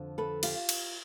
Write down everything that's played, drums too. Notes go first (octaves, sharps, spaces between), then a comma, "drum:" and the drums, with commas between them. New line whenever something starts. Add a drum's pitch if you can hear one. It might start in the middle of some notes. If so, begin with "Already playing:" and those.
Already playing: F2 D3 F3
A4 B4
F4 G4, drum: cymbal
drum: cymbal